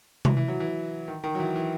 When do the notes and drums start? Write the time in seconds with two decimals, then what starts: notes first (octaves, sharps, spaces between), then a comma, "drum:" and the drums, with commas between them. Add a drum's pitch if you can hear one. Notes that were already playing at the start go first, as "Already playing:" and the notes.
0.25 E3, drum: tom C3
0.37 E3
0.48 F#3
0.60 E3
1.08 D#3
1.24 D#3
1.35 F#3
1.40 E3
1.56 E3